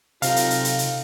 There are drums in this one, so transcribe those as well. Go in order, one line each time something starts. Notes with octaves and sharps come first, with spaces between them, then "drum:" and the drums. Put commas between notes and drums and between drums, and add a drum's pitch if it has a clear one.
C3 F#3 C4 D#4 F4 A4 F5, drum: hi-hat
drum: hi-hat
drum: hi-hat
drum: hi-hat
drum: hi-hat